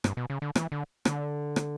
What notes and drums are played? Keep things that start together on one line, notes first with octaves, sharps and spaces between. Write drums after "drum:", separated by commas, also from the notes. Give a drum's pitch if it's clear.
G2, drum: rim click
B2
C#3
D3
E3, drum: rim click
D3
D3, drum: rim click
drum: rim click